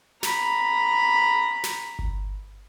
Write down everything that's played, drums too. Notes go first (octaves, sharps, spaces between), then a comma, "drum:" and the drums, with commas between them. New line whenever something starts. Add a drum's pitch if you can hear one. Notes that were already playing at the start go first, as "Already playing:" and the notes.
A#5 B5, drum: snare
drum: snare
drum: kick G1